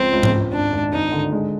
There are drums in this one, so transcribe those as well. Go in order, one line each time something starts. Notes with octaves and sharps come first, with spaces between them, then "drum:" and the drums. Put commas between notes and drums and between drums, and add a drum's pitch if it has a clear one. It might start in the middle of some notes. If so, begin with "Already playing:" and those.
Already playing: C#2 F3 C4
C#2
drum: tom G#2
C#2
G#1 D4
G#1
G#1 D#4
D3
G#3